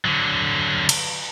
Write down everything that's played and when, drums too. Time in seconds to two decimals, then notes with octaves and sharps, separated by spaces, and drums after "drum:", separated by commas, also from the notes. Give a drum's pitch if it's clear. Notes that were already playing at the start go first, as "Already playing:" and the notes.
0.05 D3 F#3
0.89 drum: cymbal